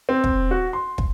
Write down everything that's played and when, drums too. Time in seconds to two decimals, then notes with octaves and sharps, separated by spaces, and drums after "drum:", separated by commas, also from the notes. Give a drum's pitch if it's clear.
0.09 C4
0.24 drum: kick
0.51 F#4
0.73 C6
0.98 drum: kick